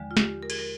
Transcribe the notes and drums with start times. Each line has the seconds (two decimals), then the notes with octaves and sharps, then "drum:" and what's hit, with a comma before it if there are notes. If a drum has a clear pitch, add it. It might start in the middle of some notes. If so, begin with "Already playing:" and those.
Already playing: D#2 D3 F3 G#3
0.11 F4
0.17 G4, drum: snare
0.43 A#4
0.50 G#4, drum: cymbal
0.59 A#4